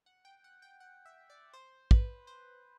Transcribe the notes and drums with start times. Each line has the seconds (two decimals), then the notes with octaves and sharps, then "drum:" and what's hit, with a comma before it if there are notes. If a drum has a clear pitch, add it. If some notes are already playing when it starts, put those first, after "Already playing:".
0.06 F#5
0.25 G5
0.44 F#5
0.62 G5
0.80 F#5
1.05 E5
1.30 D5
1.53 C5
1.91 B4, drum: kick
2.27 C5